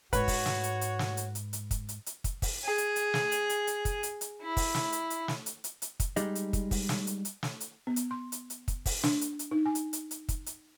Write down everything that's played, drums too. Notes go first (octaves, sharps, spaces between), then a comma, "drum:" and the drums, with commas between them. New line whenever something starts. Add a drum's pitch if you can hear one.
G#2 F#4 B4 C#5, drum: kick, hi-hat
drum: kick, open hi-hat
drum: snare
drum: hi-hat
drum: hi-hat
drum: snare
drum: hi-hat
drum: hi-hat
drum: hi-hat
drum: kick, hi-hat
drum: hi-hat
drum: hi-hat
drum: kick, hi-hat
drum: kick, open hi-hat
G#4
drum: hi-hat
drum: hi-hat
drum: snare
drum: hi-hat
drum: hi-hat
drum: hi-hat
drum: kick, hi-hat
drum: hi-hat
drum: hi-hat
E4
drum: kick, open hi-hat
drum: snare
drum: hi-hat
drum: hi-hat
drum: snare
drum: hi-hat
drum: hi-hat
drum: hi-hat
drum: kick, hi-hat
G3 G#3 D#4, drum: hi-hat
drum: hi-hat
drum: kick, hi-hat
drum: kick, open hi-hat
drum: snare
drum: hi-hat
drum: hi-hat
drum: snare
drum: hi-hat
B3
drum: hi-hat
C6
drum: hi-hat
drum: hi-hat
drum: kick, hi-hat
drum: kick, open hi-hat
D4, drum: snare
drum: hi-hat
drum: hi-hat
D#4
G#5
drum: hi-hat
drum: hi-hat
drum: hi-hat
drum: kick, hi-hat
drum: hi-hat